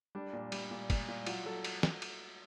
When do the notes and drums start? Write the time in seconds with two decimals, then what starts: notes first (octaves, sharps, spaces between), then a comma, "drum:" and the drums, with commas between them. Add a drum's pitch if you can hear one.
0.15 G3 D4
0.33 A#2
0.52 G3, drum: cymbal
0.71 A#2
0.90 A#2, drum: kick, cymbal
1.08 A#2
1.27 F#3 F4, drum: cymbal
1.46 F#3 A4
1.64 drum: cymbal
1.83 drum: snare
2.02 drum: cymbal